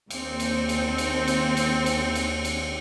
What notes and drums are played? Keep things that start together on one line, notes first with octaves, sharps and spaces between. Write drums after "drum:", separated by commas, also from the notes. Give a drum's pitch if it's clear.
D#2 C4, drum: cymbal
drum: cymbal
drum: cymbal
drum: cymbal
drum: cymbal
drum: cymbal
drum: cymbal
drum: cymbal
drum: cymbal